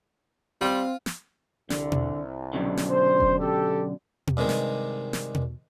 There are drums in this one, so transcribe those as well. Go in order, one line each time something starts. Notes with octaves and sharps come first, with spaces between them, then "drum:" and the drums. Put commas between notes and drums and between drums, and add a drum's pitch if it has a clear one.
G3 C4 F4
drum: snare
C2 D3, drum: snare
drum: tom B2
F#2 B2 D3
drum: snare
C5
drum: kick F1
G4 A4
drum: tom B2
G2 C3 D#3 G#3
drum: snare
drum: snare
drum: tom B2